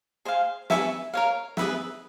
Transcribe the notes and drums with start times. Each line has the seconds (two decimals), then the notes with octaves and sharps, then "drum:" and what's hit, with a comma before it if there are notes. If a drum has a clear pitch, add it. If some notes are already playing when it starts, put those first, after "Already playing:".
0.25 G#4 C5 F5 G#5
0.70 B4 E5 G#5 C#6, drum: snare
1.13 A#4 C#5 F5
1.57 G#4 B4 E5, drum: snare